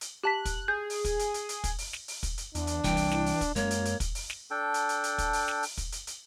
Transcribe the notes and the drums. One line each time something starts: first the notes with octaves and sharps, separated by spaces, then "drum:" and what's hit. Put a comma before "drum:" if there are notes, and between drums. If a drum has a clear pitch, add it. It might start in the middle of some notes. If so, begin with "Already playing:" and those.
drum: hi-hat
G4 A5 F#6 B6
drum: kick, hi-hat
G#4 G6
drum: open hi-hat
drum: kick, hi-hat
drum: hi-hat
drum: hi-hat
drum: hi-hat
drum: kick, hi-hat
drum: open hi-hat
drum: snare
drum: open hi-hat
drum: kick, hi-hat
drum: hi-hat
E2 D4, drum: hi-hat
drum: hi-hat
C2 E3 G5, drum: kick, hi-hat
drum: open hi-hat
drum: snare
drum: open hi-hat
drum: kick, hi-hat
F#2 G#3 A#3 C#5, drum: hi-hat
drum: hi-hat
drum: hi-hat
drum: kick, hi-hat
drum: open hi-hat
drum: snare
D4 A4 G5
drum: hi-hat
drum: hi-hat
drum: hi-hat
drum: kick, hi-hat
drum: open hi-hat
drum: snare
drum: open hi-hat
drum: kick, hi-hat
drum: hi-hat
drum: hi-hat